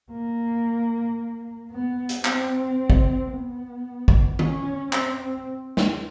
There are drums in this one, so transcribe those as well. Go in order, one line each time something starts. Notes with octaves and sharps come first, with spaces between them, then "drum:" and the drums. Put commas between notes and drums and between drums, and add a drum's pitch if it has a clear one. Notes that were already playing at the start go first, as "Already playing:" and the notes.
A#3
B3
drum: hi-hat
C4, drum: clap
drum: kick
B3
drum: kick
C#4, drum: tom D#3
C4, drum: clap
drum: snare